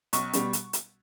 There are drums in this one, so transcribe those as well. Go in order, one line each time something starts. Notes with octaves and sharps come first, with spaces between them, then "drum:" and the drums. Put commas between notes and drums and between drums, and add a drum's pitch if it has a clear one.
B1 C#6, drum: hi-hat
B2 G3, drum: hi-hat
drum: hi-hat
drum: hi-hat